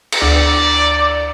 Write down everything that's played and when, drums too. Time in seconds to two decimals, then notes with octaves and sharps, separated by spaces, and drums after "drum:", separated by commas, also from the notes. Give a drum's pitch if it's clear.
0.12 drum: cymbal
0.22 D2 D5